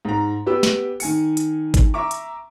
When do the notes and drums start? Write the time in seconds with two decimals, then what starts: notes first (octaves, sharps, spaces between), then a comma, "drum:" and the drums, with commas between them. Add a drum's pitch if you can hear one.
0.05 G#2 A#5
0.46 B3 G4 B4 E6
0.63 drum: snare
1.00 D#3 G#5 C#7, drum: open hi-hat
1.37 drum: hi-hat
1.74 drum: kick G1, hi-hat
1.94 E5 A#5 C#6 D6
2.11 drum: hi-hat